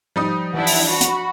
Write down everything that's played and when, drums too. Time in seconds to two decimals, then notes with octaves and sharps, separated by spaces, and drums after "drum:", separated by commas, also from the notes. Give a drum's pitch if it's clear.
0.16 F3 G3 D#4 D#6
0.54 E3 F3 D4 E4 F#5
0.67 drum: open hi-hat
0.88 F#4 B5
1.01 drum: hi-hat